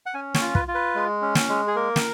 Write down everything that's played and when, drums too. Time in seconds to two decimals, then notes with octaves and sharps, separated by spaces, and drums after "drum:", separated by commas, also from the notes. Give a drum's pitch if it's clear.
0.06 F#5
0.14 C#4 G#5
0.34 C#5, drum: snare
0.41 F4
0.55 B4, drum: kick
0.68 F4
0.75 B4
0.95 G#3
1.22 C#4
1.35 drum: snare
1.49 G#3
1.67 G#4
1.76 A#3 A#4
1.96 drum: snare